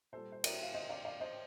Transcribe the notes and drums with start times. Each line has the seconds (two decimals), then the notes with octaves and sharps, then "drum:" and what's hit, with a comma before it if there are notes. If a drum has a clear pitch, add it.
0.13 A#2 G3 A4 C5
0.32 C5
0.44 A#4 D5, drum: cymbal
0.63 F5
0.75 C5 D#5
0.89 D5 F5
1.05 D5 F5
1.20 C5 D#5